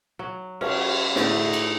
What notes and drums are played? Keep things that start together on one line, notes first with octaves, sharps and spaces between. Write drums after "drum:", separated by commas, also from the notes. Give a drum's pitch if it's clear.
F#3
C#4, drum: cymbal
A2 D3 A3 G#4, drum: snare
D#4
drum: cymbal